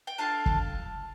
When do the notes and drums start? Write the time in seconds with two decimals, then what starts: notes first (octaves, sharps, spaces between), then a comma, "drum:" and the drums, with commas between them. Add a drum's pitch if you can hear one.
0.07 G5
0.18 D4 F4 A4 F5 A5
0.46 drum: kick